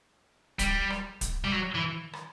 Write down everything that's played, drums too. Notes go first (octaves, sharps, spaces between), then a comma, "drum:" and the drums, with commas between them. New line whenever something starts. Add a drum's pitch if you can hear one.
G3, drum: kick, hi-hat
drum: rim click
drum: kick, hi-hat
G3
F#3
E3
drum: rim click